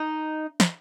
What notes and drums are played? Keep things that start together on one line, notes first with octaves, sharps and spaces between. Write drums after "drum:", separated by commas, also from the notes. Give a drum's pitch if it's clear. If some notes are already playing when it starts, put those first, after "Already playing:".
Already playing: D#4
drum: snare